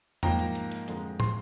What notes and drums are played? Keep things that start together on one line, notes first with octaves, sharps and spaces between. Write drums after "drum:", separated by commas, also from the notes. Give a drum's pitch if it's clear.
G#2 F3 A#3 G5 A#5, drum: tom E2
drum: hi-hat
drum: hi-hat
drum: hi-hat
F2 D3 F3 G#3, drum: hi-hat
C6, drum: tom